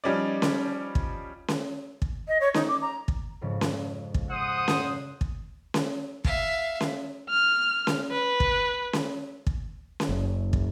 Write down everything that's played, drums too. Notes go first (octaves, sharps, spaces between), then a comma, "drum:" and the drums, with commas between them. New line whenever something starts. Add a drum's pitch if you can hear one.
F3 G3 C#4 D#4 D5
drum: snare C#4
drum: kick
drum: snare C#4
drum: kick
D#5
C#5
D#4, drum: snare C#4
D6
A#5
drum: kick
F2 G#2 C#3
drum: snare C#4
drum: kick
C5 F#5 D#6
drum: snare C#4
drum: kick
drum: snare C#4
E5 F5, drum: kick
drum: snare C#4
F6
drum: snare C#4
B4
drum: kick
drum: snare C#4
drum: kick
drum: snare C#4
F#1
drum: kick